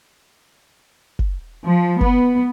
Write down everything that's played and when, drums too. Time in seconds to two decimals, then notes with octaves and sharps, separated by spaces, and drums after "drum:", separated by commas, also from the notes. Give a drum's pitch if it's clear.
1.19 drum: kick
1.66 F3
2.01 B3, drum: kick